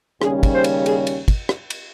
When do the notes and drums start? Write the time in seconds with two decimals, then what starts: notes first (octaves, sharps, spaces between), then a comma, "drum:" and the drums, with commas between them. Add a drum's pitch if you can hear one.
0.22 D#2 C#3 G3 C#4 G#4, drum: rim click
0.43 drum: kick, cymbal
0.54 C5
0.64 drum: cymbal
0.86 G#4, drum: cymbal
1.07 drum: cymbal
1.28 drum: kick, cymbal
1.49 drum: rim click
1.70 drum: cymbal